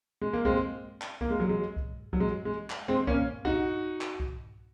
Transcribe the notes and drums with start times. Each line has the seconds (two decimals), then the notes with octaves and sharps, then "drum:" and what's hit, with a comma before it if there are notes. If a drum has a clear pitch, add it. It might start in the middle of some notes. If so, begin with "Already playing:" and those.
0.21 G#3
0.33 A#3
0.45 G#3 C4, drum: kick C2
1.02 drum: clap
1.21 A#3, drum: kick C2
1.30 G#3
1.40 F#3
1.49 G#3
1.76 drum: kick C2
2.13 F#3, drum: kick C2
2.20 G#3
2.45 G#3
2.70 drum: clap
2.88 G#3 C4
3.07 A#3 C#4, drum: kick C2
3.45 D#4 F#4, drum: kick C2
4.01 drum: clap
4.20 drum: kick C2